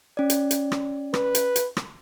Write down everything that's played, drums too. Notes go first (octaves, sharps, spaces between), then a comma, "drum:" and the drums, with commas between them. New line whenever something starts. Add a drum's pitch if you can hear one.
C#4 D5
drum: hi-hat
drum: hi-hat
drum: rim click
B4, drum: rim click
drum: hi-hat
drum: hi-hat
drum: rim click